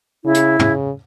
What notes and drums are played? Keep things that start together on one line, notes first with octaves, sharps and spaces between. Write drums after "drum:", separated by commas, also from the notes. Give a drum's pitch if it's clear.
C#3 E4
drum: hi-hat
C#3, drum: tom